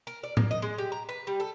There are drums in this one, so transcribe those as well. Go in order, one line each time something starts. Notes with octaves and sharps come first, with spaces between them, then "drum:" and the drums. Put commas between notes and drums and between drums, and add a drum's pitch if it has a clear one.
A#4
D5
A#3, drum: tom A2
D#5
G#3
G4
A#5
B4
G3
A4